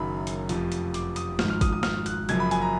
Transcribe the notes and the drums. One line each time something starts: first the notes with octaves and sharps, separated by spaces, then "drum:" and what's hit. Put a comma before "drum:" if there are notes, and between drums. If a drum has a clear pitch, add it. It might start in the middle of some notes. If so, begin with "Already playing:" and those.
Already playing: F#1 F#2 D#3 F#3 B5
drum: hi-hat
F1 F2 F3, drum: hi-hat
drum: hi-hat
D6, drum: hi-hat
D#6, drum: hi-hat
G#1 G#2 F3 F6, drum: snare
F6
D#6, drum: kick G#1, hi-hat
D#6
F6, drum: snare
F#6, drum: hi-hat
F#1 F#2 F3 G#6, drum: hi-hat
B5
G#5, drum: hi-hat
A#5